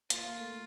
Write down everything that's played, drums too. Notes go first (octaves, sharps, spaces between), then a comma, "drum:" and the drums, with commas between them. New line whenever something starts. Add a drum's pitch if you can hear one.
A#3 F4, drum: hi-hat
A#3
A3